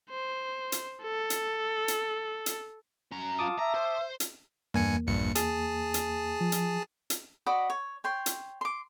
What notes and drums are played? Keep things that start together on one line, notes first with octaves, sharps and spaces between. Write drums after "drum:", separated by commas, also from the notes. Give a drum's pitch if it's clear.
C5
drum: hi-hat
A4
drum: hi-hat
drum: hi-hat
drum: hi-hat
F#2 A#5
F4 A5 D6 D#6
E5 A#5
C5
drum: hi-hat
E2 G2 A#3 G#5 C#7
A#1 G2 C#7
G#4 A5, drum: hi-hat
drum: hi-hat
F3
drum: hi-hat
drum: hi-hat
F#4 D5 D#5 B5
C#5
C#5 G5 C6
drum: hi-hat
C6 D6